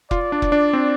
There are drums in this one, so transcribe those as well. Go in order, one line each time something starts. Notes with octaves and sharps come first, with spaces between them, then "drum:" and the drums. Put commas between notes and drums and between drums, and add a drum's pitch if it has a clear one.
F4 D5, drum: kick F1
D4
drum: kick F1
D4
C4